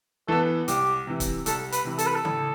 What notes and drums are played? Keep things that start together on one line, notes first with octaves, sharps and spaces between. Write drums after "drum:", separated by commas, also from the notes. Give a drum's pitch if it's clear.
E3 B3 A4
C2 G4, drum: hi-hat
C3 E3
drum: kick, hi-hat
C2 A4, drum: hi-hat
B4, drum: hi-hat
C3 E3
A4, drum: hi-hat
B4
A4
A1, drum: tom C#3